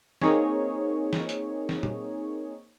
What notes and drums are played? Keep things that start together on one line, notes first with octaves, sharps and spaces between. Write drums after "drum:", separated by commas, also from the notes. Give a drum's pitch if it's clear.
A#3 C4 D#4 G#4 C#5, drum: snare
drum: snare
drum: hi-hat
drum: snare
drum: tom